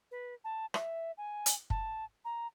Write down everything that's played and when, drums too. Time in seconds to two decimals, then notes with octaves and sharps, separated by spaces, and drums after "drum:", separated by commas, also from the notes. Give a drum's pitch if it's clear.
0.11 B4
0.44 A5
0.74 E5, drum: rim click
1.17 G#5
1.46 drum: hi-hat
1.70 A5, drum: kick
2.25 A#5